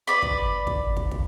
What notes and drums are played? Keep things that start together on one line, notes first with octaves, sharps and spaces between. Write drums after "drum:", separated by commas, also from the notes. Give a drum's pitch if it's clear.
B4 D5 B5
drum: kick
drum: kick
drum: kick
drum: kick